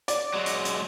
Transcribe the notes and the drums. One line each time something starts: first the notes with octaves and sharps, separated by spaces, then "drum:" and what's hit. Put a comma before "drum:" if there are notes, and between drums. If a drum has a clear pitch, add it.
D5, drum: hi-hat
F#3 G#3
drum: hi-hat
drum: hi-hat